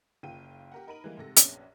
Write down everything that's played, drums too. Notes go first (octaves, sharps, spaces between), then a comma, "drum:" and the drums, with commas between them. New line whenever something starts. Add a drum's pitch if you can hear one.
F#1 F4 G5 D#7
G4 A#4 F#5
D#4 A#4 B5 D7 D#7 F#7
E3 G3 G#3 A#3
G#2 C3 A4 A#6
A#1 F#2 B3 C#4, drum: hi-hat